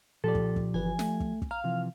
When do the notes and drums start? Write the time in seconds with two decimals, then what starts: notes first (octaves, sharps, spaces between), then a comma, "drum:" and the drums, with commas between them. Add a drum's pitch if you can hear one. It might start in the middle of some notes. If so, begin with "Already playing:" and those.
0.24 A#2 F3 G4 A4 D5
0.35 drum: kick
0.56 drum: kick
0.74 G1 E3 B4 G#5
0.99 A3, drum: snare
1.20 drum: kick
1.42 drum: kick
1.51 F5 A#5 F6
1.64 C3 E3 F3